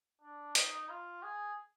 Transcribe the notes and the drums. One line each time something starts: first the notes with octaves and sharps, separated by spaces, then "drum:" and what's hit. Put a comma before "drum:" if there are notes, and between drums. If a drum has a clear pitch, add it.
D4
D#4, drum: hi-hat
F4
G#4